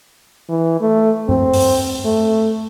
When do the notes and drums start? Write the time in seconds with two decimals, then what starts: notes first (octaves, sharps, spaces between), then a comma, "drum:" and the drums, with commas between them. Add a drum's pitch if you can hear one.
0.49 E3
0.81 A3
1.29 C4, drum: tom G2
1.53 drum: open hi-hat
2.05 A3